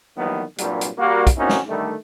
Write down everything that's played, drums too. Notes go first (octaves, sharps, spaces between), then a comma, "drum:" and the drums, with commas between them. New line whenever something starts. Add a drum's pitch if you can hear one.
D#3 E3 F#3 G3 A#3 B3
C2 G2 A#2 F#3 G3, drum: hi-hat
drum: hi-hat
G3 A#3 F#4
drum: kick, hi-hat
A#3 C4 C#4 D#4 E4 F#4
drum: snare
D3 D#3 G3 A3